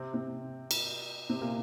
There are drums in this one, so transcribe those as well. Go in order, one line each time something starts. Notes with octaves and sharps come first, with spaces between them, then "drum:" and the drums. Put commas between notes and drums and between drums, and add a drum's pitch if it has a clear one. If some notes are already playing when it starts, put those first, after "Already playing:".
Already playing: C3 C4
C3 C4
drum: cymbal
C3 C4
A#2 A#3